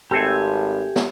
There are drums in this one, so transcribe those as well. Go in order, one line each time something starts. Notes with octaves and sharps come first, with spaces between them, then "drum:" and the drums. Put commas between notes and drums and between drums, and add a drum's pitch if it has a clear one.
G#1 A3 C4 G4 A4 G#5
drum: snare